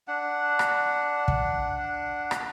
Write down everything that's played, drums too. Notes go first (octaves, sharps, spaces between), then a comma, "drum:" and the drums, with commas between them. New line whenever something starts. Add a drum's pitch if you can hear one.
D4 F#5
drum: rim click
drum: kick
drum: rim click